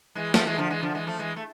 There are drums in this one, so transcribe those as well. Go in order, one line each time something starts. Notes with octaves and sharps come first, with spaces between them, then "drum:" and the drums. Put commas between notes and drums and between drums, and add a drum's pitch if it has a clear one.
E3 G#3
F3 A3, drum: snare
E3 G#3
D3 F3
E3 G#3
D3 F3
E3 G#3
F3 A3
E3 G#3
A3